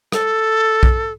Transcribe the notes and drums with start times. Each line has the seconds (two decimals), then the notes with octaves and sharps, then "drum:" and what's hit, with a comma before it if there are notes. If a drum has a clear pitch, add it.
0.12 A4, drum: rim click
0.83 drum: kick B1